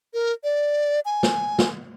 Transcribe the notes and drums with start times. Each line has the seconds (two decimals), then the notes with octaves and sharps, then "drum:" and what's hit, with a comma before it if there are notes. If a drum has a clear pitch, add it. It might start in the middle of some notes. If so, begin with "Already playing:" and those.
0.14 A#4
0.44 D5
1.05 G#5
1.23 drum: snare
1.59 drum: snare